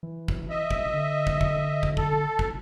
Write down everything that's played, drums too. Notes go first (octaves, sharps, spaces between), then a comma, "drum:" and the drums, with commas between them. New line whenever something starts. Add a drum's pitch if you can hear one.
E3
drum: kick
D#5 E5
drum: kick
D3
drum: kick
drum: kick
drum: kick
A4, drum: kick
drum: kick